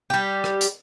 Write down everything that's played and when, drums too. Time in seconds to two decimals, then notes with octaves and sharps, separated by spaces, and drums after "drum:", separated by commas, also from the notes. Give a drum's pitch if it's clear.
0.10 G3 G4
0.44 drum: rim click
0.61 drum: hi-hat